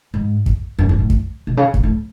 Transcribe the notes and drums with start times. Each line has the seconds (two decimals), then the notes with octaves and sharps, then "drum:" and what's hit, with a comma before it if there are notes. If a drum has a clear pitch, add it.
0.14 G#2
0.46 drum: kick
0.79 F#2
0.89 F#2
0.99 A2
1.10 drum: kick
1.47 B2
1.57 C#3
1.74 B2, drum: kick
1.83 A2